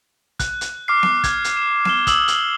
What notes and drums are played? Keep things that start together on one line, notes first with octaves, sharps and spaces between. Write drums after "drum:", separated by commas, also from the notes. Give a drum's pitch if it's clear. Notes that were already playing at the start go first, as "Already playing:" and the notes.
F#6, drum: kick, hi-hat
drum: hi-hat
D6 F6 C7
drum: snare B3
F#6 G#6, drum: kick, hi-hat
drum: hi-hat
E7
F6 E7 G7, drum: snare B3
D#6 E6 F#7, drum: kick, hi-hat
drum: hi-hat